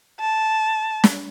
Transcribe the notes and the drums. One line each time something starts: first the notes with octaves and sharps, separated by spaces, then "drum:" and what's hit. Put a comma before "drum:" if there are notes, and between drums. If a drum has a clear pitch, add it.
A5
drum: snare